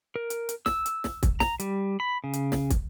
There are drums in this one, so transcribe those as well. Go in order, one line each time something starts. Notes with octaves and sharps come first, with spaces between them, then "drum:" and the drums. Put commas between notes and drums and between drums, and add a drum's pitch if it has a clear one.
A#4
drum: hi-hat
drum: hi-hat
E6, drum: snare
drum: hi-hat
drum: snare
drum: kick, hi-hat
A#5, drum: snare
G3, drum: hi-hat
B5
C#3
drum: hi-hat
drum: snare
drum: kick, hi-hat